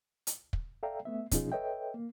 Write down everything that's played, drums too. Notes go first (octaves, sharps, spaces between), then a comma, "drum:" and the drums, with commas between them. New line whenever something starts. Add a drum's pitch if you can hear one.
drum: hi-hat
drum: kick
A4 D5 E5 F5 G5 A#5
A3 B3 E5
B2 F3 C#4 D#4 F4 G#4, drum: kick, hi-hat
A4 B4 C#5 D#5 E5 G5
A#3